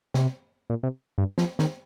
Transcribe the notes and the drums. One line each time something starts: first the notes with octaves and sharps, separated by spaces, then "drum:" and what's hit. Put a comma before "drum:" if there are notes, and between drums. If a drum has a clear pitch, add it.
C3, drum: snare
A#2
C3
G2
F3, drum: snare
D#3, drum: snare